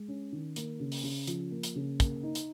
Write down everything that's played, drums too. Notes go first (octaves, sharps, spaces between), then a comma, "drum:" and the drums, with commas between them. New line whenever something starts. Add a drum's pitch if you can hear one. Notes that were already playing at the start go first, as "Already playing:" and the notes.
Already playing: G#3
C#4
D#3
A#3, drum: hi-hat
C#3
drum: open hi-hat
C#3
F3, drum: hi-hat
A#3
drum: hi-hat
C#3
A#3, drum: kick, hi-hat
D#4
drum: hi-hat